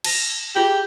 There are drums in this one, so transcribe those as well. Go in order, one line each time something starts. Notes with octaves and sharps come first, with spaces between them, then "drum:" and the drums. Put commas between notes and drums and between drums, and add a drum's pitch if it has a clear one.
A5 A#6 F7, drum: cymbal
F4 G4 G#4 F#7